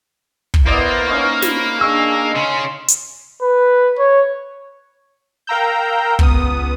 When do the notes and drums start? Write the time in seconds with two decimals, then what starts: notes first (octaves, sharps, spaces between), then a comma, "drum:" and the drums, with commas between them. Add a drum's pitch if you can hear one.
0.54 drum: kick
0.67 A#3 B3 E4 C5 D5 D#5
1.07 C#4 D#4 C#5
1.42 B5, drum: snare
1.81 D4 G#4 D#5 C#6 E6
2.35 C#3 C#4 C6
2.88 drum: hi-hat
3.42 B4
3.99 C#5
5.47 A#4 F5 G5 A#5 E6 G6
6.19 C#2 B3 D#6, drum: kick